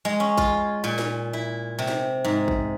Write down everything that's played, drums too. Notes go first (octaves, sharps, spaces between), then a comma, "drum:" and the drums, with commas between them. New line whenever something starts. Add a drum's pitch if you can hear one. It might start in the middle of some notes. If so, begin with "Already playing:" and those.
G#3
C#4
F4, drum: kick
A#2
drum: snare
E4
C3
drum: snare
G#2
drum: kick